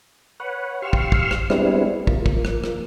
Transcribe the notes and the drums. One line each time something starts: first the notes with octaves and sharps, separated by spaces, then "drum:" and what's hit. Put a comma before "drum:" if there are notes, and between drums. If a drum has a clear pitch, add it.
B4 C#5 F#5
G4 F5 C6 C#6 E6 F6
drum: kick
drum: kick
drum: rim click
G3 G#3 B3 C4 D4 E4, drum: rim click
F3 A#3, drum: kick
drum: kick
drum: rim click
drum: rim click